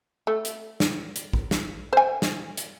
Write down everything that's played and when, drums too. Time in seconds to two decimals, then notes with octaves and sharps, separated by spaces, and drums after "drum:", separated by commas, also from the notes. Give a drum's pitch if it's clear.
0.27 A3
0.45 drum: hi-hat
0.80 drum: snare
1.16 drum: hi-hat
1.33 drum: kick A#1
1.51 drum: snare
1.93 C5 G#5
2.22 drum: snare
2.57 drum: hi-hat